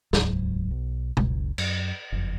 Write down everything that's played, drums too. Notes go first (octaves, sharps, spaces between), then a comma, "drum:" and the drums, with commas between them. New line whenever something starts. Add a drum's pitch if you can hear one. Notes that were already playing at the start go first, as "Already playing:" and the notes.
D#1 C#2 G#2 F#3, drum: snare
B1
F#1 C#2, drum: tom B2
F#2, drum: cymbal
F#1 F2